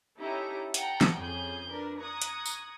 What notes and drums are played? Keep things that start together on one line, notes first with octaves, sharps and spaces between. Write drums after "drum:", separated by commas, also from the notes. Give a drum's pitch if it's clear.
C#4 D#4 E4 G4 A4 A#5
F#5 G5 A5 A#5, drum: hi-hat
drum: snare
F2 C#3 G#4 G#5 G6
D4 A#4 B4
A#5 C#6 D#6 F#6 G#6
drum: hi-hat
drum: tambourine